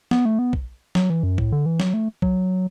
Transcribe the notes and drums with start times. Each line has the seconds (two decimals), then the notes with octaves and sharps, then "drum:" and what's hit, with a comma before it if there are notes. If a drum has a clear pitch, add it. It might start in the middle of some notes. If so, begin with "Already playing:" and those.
0.11 B3, drum: snare
0.25 A3
0.39 B3
0.53 drum: kick B1
0.95 F#3, drum: snare
1.10 E3
1.23 F#2
1.38 A2, drum: kick B1
1.52 D3
1.66 E3
1.80 F#3, drum: snare
1.94 A3
2.22 F#3, drum: kick B1